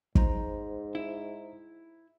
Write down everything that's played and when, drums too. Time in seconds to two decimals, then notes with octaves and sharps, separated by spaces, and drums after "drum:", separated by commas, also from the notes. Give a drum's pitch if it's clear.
0.15 G#2 D#4 C5 A#5, drum: kick
0.95 E4